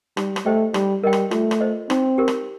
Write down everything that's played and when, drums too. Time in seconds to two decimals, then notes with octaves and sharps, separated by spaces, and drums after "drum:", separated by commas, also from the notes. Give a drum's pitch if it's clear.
0.17 G3 D#4, drum: rim click
0.36 drum: rim click
0.46 A3 G4 C5 D#5 G5
0.74 G3 D#4, drum: rim click
1.03 G3 A#4 D#5 G5
1.13 drum: rim click
1.31 A3 F4, drum: rim click
1.51 drum: rim click
1.61 C5 D#5
1.90 C4 D#4, drum: rim click
2.18 G4 A#4
2.28 drum: rim click